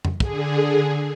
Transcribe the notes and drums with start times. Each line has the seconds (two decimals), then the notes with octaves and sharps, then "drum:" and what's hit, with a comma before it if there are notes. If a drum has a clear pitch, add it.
0.05 drum: tom F2
0.20 D3 G#4, drum: kick